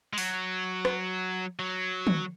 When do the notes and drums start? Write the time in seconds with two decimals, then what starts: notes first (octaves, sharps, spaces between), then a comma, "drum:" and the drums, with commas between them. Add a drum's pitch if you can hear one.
0.13 G#3
0.18 F#3, drum: open hi-hat
0.85 drum: rim click
1.59 F#3
2.07 drum: tom